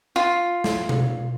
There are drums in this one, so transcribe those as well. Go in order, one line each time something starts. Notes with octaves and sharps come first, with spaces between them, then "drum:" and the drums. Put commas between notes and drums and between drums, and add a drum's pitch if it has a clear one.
F4
drum: snare
drum: tom B2